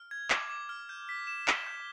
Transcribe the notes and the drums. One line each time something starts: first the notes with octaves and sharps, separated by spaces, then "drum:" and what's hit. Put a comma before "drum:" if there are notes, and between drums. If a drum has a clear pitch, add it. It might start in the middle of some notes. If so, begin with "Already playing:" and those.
Already playing: F6
G#6
D6, drum: clap
D6
F6
G6
B6
E7
G7, drum: clap
G6